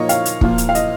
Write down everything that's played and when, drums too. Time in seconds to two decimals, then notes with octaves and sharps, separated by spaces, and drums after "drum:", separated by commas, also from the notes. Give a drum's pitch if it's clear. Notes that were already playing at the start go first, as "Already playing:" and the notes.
Already playing: A#2 F3 A#3 D#4 C#5 D#5
0.09 F5, drum: hi-hat
0.26 drum: hi-hat
0.41 A#2 F3 A#3 F4, drum: kick
0.58 drum: hi-hat
0.69 F5
0.75 D#5, drum: hi-hat